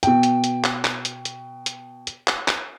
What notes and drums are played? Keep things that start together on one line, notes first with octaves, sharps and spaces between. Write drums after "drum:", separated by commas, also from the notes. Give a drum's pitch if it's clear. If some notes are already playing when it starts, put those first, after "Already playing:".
B2 G5, drum: hi-hat
drum: hi-hat
drum: hi-hat
drum: clap
drum: clap
drum: hi-hat
drum: hi-hat
drum: hi-hat
drum: hi-hat
drum: clap
drum: clap